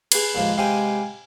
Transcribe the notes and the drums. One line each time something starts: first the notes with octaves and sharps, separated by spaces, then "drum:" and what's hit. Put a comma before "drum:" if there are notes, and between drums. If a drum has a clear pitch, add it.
G#4 B4 C7, drum: cymbal
D#2 F3 G#3 A#3
C3 G4 F5 G5 G#5